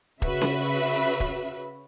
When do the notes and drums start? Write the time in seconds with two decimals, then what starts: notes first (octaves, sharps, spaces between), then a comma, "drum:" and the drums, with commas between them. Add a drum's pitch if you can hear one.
0.22 C#3 F#4 B4 E5, drum: kick E1
0.41 drum: snare C#4
1.20 drum: kick E1